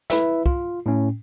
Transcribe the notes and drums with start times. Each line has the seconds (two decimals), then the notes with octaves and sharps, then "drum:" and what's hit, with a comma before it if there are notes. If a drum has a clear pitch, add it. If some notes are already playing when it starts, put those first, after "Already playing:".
0.10 E4 B4 E5, drum: snare
0.46 F4, drum: kick
0.86 A2 C#4